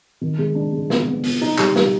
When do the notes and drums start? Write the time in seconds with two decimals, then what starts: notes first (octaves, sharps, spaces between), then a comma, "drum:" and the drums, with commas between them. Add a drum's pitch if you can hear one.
0.21 D#3
0.38 G#3
0.55 D4
0.72 G#3
0.90 B3, drum: snare
1.07 B3
1.24 B3, drum: open hi-hat
1.41 D#4
1.58 G3, drum: clap
1.76 G3, drum: snare